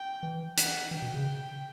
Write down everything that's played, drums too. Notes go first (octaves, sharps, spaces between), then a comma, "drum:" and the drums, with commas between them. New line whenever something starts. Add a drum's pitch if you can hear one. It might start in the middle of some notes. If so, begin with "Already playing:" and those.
Already playing: G5
E3
F#5, drum: hi-hat
E3 G5
B2
C#3